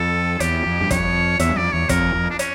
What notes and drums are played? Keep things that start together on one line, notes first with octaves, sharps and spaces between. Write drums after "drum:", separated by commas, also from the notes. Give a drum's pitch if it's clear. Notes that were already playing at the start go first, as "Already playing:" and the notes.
Already playing: F2 A4
E2 G4, drum: hi-hat
F2
G2
F2 C#5, drum: kick, hi-hat
E2 E5, drum: hi-hat
G2
F2 D5
E2 C#5
F2 A#4, drum: kick, hi-hat
F2
D4
C#4, drum: hi-hat